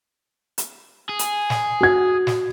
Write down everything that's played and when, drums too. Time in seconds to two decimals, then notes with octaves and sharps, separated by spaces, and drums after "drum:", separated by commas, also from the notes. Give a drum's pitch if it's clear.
0.58 drum: hi-hat
1.09 G#4
1.19 drum: hi-hat
1.50 drum: snare
1.81 F#4 G#6
2.27 drum: snare